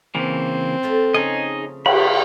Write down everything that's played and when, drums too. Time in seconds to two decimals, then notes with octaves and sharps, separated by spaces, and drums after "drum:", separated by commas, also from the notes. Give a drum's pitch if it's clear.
0.15 C#3 E3 A#3 C4
0.83 F3 A3 F4
1.14 C#3 D#4 G#4 D#5
1.86 F4 G4 B5, drum: cymbal